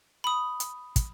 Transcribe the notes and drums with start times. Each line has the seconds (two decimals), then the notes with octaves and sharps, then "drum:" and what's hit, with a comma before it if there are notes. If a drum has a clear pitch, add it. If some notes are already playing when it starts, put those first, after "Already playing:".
0.24 B5 D#6
0.60 drum: hi-hat
0.96 drum: kick, hi-hat